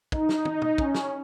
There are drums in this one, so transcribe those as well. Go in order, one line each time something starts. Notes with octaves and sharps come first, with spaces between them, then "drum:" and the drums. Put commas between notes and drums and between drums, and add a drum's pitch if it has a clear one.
D#4, drum: kick
drum: snare
drum: tom
drum: tom
C#4, drum: kick
drum: snare